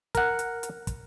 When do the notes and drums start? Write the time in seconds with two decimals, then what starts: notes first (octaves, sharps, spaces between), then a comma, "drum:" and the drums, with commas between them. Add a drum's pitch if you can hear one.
0.15 A#4 F#5, drum: kick, hi-hat
0.39 drum: hi-hat
0.63 drum: hi-hat
0.87 drum: kick, hi-hat